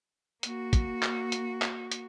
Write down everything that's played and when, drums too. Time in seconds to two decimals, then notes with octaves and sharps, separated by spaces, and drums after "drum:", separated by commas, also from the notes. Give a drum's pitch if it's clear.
0.43 A#3 F#4, drum: hi-hat
0.73 drum: kick, hi-hat
1.02 drum: clap
1.32 drum: hi-hat
1.62 drum: clap
1.92 drum: hi-hat